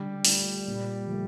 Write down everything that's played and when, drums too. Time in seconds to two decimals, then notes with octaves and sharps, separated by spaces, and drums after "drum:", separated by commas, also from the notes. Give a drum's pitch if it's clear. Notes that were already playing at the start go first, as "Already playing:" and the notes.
Already playing: D3 G3
0.25 A3 D4 F4, drum: open hi-hat
0.67 A#2
1.07 F3 A3